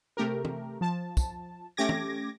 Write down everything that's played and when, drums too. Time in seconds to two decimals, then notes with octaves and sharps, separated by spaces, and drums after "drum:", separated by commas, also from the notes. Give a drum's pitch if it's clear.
0.17 C3 A3 G4 A#4
0.45 drum: tom
0.81 F3 A5
1.17 drum: kick, tambourine
1.77 A3 C#4 G4 D6 G#6 A#6
1.89 drum: tom